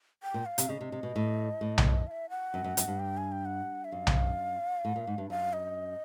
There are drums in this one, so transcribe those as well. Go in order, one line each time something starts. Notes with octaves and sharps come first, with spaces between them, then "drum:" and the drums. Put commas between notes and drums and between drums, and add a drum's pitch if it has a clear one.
G5
A#2
F5
C3, drum: hi-hat
C#3 D#5
C3
C3
B2
A2
A2
drum: tom B1
F5
E5
F#5
F#2
F#2
F#2, drum: hi-hat
G2
G5
G#5
G5
F#5
E5
F#2 F5
drum: tom B1
A2
A#2
G#2
G2
F#2 F5
D#5